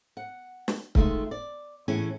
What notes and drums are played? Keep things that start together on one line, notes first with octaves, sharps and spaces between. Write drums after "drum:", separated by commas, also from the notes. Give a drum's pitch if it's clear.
F#5
drum: snare
D#3 G#3 A3 F4 E5, drum: kick C#1
D5
A2 E3 C#4 G#4 G#5